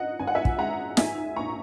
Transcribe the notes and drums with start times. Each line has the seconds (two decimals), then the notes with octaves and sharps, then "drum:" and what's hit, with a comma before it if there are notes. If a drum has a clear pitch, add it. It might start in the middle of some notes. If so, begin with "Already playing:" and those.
Already playing: G#2 D#5 F#5
0.19 G#1 G#5
0.27 F#5
0.35 E5 G#5
0.45 drum: kick
0.58 G#3 F#5 A#5
0.97 G#2 E5 G#5, drum: snare
1.36 A#1 A#5 C#6